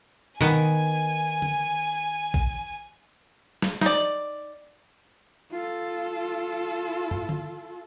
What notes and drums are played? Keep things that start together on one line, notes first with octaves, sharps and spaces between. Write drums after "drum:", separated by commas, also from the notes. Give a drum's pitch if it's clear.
D#3 B3 G#5, drum: tom B2
drum: tom D3
drum: kick A#1
drum: snare
D#4 D5, drum: snare
F4 A4
drum: tom
drum: tom D3